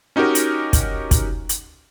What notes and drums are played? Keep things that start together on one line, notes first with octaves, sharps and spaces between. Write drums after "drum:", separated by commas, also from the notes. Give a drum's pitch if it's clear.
C#4 D#4 F#4 G4 A#4 D#5
drum: hi-hat
drum: kick, hi-hat
drum: kick, hi-hat
drum: hi-hat